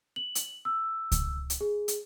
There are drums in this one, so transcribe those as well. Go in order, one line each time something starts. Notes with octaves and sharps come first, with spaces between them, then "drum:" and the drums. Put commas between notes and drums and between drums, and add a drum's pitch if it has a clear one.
F#7
drum: hi-hat
E6
drum: kick C#2, hi-hat
drum: hi-hat
G#4
drum: hi-hat